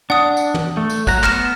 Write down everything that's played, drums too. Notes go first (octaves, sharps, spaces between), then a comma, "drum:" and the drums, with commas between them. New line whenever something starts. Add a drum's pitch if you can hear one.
D4 F#5 D#6
drum: tambourine
drum: tom
A3
drum: tambourine
F#3 F#5 A#5, drum: kick, tambourine
B3 F6 A#6 E7, drum: clap